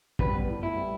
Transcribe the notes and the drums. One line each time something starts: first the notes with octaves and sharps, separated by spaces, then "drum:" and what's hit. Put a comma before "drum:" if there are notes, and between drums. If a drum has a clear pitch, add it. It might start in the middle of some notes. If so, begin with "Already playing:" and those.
G3 B4, drum: kick
B3
A2
A2 E4
G3